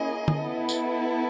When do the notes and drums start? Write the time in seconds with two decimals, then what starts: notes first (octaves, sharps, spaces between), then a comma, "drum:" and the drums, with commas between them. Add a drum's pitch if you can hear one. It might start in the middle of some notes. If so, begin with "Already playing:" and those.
Already playing: A#3 C#4 E4 G#4 D#5
0.28 drum: tom D3
0.42 B3 E4 A4
0.69 drum: tambourine